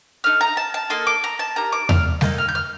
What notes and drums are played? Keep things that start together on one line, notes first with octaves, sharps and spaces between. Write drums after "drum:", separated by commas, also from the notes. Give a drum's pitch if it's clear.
A3 D#4 F6
A#5
A5
A5
A#3 D#4 A4 C6
D6
A#5
A5
A#3 D#4 G4 A#5
D6
F6, drum: tom E2
A#3 D#4 A4 G6, drum: snare
F6
G6
F6